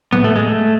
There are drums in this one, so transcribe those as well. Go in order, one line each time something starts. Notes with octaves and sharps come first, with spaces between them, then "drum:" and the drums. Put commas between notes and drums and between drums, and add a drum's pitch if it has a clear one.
B3, drum: tom A2
A3
G#3
A3